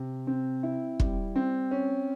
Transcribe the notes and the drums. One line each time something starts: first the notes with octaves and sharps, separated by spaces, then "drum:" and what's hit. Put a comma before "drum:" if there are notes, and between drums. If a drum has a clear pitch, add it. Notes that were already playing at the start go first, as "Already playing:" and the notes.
Already playing: C3
C4
E4
G3, drum: kick
C4
C#4